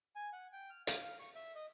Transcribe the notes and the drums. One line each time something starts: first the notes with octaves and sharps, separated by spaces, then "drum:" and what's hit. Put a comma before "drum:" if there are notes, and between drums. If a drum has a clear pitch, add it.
G#5
F#5
G5
F6
F5, drum: hi-hat
F5
C#6
E5
D#5